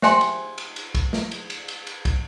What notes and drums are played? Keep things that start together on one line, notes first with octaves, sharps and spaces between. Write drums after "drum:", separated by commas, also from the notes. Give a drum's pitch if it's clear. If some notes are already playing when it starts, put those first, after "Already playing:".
G4 C5 E5 G5 G#5 C6, drum: snare
drum: cymbal
drum: cymbal
drum: cymbal
drum: kick, cymbal
drum: snare
drum: cymbal
drum: cymbal
drum: cymbal
drum: cymbal
drum: kick, cymbal